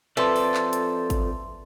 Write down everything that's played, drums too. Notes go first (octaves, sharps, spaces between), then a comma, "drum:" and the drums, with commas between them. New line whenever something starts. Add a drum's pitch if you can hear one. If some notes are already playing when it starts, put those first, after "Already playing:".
F3 C4 A4 B4 D5 E5 C6
drum: open hi-hat
drum: clap
drum: hi-hat
drum: kick G#1, hi-hat